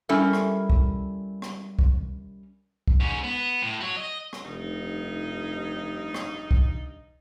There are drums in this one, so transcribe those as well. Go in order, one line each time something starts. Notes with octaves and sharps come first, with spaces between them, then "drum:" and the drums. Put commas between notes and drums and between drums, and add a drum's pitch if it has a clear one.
G3 C#4 E4 A4 A#4
drum: rim click
drum: kick C2
drum: rim click
drum: kick C2
drum: kick C2
G#2 C#4
B3
A2
F#4 C#5
D#5
drum: rim click
F1 G2 D#4
drum: rim click
drum: kick C2